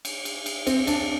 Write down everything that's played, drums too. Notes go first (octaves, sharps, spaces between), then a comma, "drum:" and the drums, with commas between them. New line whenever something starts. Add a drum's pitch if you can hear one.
drum: cymbal
drum: cymbal
drum: cymbal
C4, drum: cymbal
D4, drum: cymbal